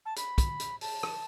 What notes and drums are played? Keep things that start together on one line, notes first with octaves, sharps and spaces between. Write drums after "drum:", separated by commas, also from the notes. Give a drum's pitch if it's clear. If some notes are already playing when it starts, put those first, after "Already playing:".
A5
B5, drum: hi-hat
drum: kick, hi-hat
drum: hi-hat
A5, drum: open hi-hat
drum: rim click